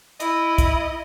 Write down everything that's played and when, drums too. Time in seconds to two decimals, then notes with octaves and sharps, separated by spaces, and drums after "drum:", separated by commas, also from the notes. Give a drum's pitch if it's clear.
0.20 E4 D#5, drum: hi-hat
0.58 drum: kick, hi-hat